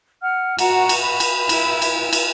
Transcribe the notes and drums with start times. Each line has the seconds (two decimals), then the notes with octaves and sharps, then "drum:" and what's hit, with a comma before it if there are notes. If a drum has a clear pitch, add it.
0.22 F#5 F6
0.58 F#4 F#5 A#5, drum: cymbal
0.89 drum: cymbal
1.03 B5
1.20 drum: cymbal
1.49 E4, drum: cymbal
1.82 drum: cymbal
2.13 drum: cymbal